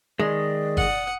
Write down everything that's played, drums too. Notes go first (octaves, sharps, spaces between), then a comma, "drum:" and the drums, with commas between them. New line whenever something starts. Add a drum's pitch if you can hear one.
D#3 G#3 D5 D#5
F#5 D#6, drum: kick